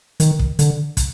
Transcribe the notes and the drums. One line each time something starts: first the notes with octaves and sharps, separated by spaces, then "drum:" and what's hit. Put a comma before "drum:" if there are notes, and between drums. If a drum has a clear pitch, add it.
D#3, drum: hi-hat
drum: kick
D3, drum: hi-hat
drum: kick, hi-hat